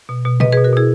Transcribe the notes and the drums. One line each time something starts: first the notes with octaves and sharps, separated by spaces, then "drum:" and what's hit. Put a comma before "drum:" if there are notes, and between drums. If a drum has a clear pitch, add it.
B2
B2
B2 B4 D#5, drum: tom B2
B2 G#4 B4
F#4 A#4
B2 E4 G#4